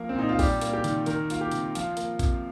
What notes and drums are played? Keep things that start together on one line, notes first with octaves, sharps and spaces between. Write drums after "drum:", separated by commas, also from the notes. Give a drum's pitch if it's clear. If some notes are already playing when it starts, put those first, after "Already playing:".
Already playing: F3 A#3
C4
A#2 D#4
F4
G3 G4, drum: kick A#1, open hi-hat
A#3, drum: hi-hat
G4
D#3, drum: hi-hat
D#3 A#4, drum: hi-hat
A#3 F4, drum: hi-hat
G4
C3, drum: hi-hat
F3 F4, drum: hi-hat
A#3, drum: hi-hat
C3, drum: kick A#1, hi-hat